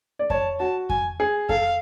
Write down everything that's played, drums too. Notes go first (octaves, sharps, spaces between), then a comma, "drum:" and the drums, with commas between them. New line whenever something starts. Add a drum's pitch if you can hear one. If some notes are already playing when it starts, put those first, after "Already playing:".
D5
C#5 A5, drum: kick F2
F#4 A5
G#5, drum: kick F2
G#4
A4 F5, drum: kick F2